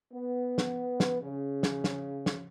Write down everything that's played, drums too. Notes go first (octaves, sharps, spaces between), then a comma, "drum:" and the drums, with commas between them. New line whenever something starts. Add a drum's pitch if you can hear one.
B3
drum: snare
drum: snare
C#3
drum: snare
drum: snare
drum: snare